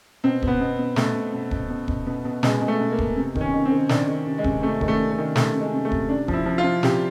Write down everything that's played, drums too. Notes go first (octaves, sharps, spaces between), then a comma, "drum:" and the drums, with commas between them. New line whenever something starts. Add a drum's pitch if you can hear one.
B2 C4
B2, drum: kick
B3
B2
B2
B2 A3, drum: snare
B2
B2
B2, drum: kick
B2
B2, drum: kick
B2
B2
B2 G#3, drum: snare
B2
A3
B2
A#3
B2, drum: kick
C3
D#3, drum: kick
C#4
D#3
C4
D#3
D#3 D4, drum: snare
D#3
C3
G#3
C3, drum: kick
C3 A3
D#3, drum: kick
A3
C3
A3
D#3
C3 A3, drum: snare
C3
G#3
C3
A3
C3, drum: kick
C3 D4
F3, drum: kick
E4
F3
F4
F3
C3 G4, drum: snare